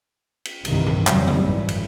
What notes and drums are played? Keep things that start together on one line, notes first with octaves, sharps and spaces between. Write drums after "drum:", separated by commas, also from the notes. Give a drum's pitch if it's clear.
drum: cymbal
C2 G2 C3 D#3 E3, drum: cymbal
drum: tom A2
F2 C#3 F#3 G3 C4, drum: clap
drum: tom D3
G#1 F#2 E3
drum: cymbal